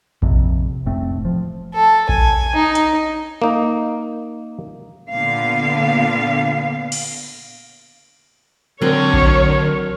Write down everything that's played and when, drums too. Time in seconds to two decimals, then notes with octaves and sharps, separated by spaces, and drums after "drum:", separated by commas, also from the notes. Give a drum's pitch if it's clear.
0.22 A#1 F2 C3, drum: kick A#1
0.86 F1 A2 A3 C4
1.25 F3
1.74 A4
2.09 G#5, drum: kick A#1
2.55 D#4
2.75 drum: hi-hat
3.42 A#3 D#4
5.08 A#2 D3 B3 F5
6.92 drum: cymbal
8.81 D3 F#3 C4 A#4 C#5
9.14 drum: kick A#1